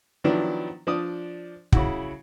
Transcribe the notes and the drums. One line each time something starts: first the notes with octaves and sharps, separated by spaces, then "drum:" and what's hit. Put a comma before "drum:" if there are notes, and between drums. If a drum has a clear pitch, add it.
D#3 F3 F#3 B3 D4 E4
F3 D4 D5 D#6
C#3 E4 F#4, drum: kick